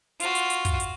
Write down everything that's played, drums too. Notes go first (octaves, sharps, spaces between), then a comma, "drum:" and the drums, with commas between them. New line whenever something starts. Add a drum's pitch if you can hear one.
F4 F#4, drum: hi-hat
drum: hi-hat
drum: hi-hat
drum: kick, hi-hat
drum: hi-hat